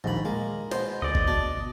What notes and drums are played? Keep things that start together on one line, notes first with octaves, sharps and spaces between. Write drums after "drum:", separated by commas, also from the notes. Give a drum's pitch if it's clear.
A#1 D#2 G#2 B5
G#3 A#3
B2 C5, drum: snare
D2 D5 D#5
drum: kick G1
B2 D4